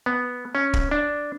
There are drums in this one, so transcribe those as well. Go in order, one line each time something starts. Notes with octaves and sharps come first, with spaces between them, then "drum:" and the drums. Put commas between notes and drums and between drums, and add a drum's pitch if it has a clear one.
B3
C#4
drum: kick
D4